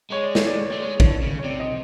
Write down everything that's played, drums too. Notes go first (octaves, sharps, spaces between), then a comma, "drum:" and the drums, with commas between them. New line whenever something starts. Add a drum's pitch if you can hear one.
G#3 C#5
D5
C#5, drum: snare
D5
C#5
A3 D5
G#3 C#5
D3, drum: kick
C#3
C#5
C3 D5
D#5